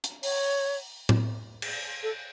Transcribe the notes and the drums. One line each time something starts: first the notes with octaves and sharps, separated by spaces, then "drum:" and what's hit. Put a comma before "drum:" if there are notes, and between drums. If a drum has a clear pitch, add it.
drum: hi-hat
C#5, drum: open hi-hat
drum: tom A2
drum: cymbal
A4